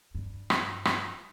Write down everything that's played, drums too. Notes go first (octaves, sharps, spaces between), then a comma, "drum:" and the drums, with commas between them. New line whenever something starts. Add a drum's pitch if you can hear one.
G2
drum: rim click
drum: rim click